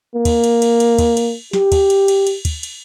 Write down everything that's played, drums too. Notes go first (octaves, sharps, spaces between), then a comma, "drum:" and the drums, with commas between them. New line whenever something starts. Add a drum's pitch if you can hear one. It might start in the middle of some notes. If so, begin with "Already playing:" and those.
A#3
drum: kick, cymbal
drum: cymbal
drum: cymbal
drum: cymbal
drum: kick, cymbal
drum: cymbal
G4, drum: snare
drum: kick, cymbal
drum: cymbal
drum: cymbal
drum: cymbal
drum: kick, cymbal
drum: cymbal